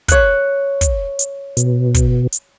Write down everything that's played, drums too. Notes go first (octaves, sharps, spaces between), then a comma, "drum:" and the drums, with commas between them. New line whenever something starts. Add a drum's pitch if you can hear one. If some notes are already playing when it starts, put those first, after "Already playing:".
C#5 F#6, drum: kick, hi-hat
drum: kick, hi-hat
drum: hi-hat
B2, drum: hi-hat
drum: kick, hi-hat
drum: hi-hat